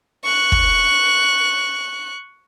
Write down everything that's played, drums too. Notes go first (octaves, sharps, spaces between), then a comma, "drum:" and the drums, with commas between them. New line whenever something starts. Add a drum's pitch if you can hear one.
C#6 F#6
drum: kick